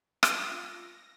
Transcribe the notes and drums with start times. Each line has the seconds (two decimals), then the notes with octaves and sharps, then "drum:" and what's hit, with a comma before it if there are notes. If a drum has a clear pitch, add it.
0.23 F4, drum: rim click
0.65 A#6